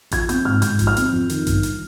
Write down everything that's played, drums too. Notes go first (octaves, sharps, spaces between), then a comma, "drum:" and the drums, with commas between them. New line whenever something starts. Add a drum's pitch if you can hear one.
F3 G#6, drum: kick A1, hi-hat
C4 G6, drum: hi-hat
G#2 F6
G#2 G6, drum: hi-hat
F3, drum: kick A1, hi-hat
F6
C4, drum: hi-hat
F2
D#3, drum: hi-hat
G1, drum: kick A1, hi-hat
drum: hi-hat